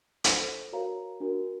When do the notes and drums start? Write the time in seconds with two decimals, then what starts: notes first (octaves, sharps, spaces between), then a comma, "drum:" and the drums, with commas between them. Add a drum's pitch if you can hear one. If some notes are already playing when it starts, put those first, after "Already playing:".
0.24 D4 F4 A4 C5 D#5, drum: hi-hat
0.73 F#4 A#4 C#5 F5 A#5
1.20 D4 F#4 A#4